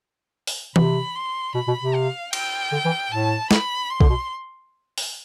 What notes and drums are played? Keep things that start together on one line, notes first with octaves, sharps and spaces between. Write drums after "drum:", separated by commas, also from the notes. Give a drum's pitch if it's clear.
drum: open hi-hat
C3 B5, drum: tom E3
C6
B2 B5
B2
C3
F5
G5, drum: cymbal
D3
E3
A2 A5
B5, drum: snare
C6
D3, drum: kick B1
B2
drum: open hi-hat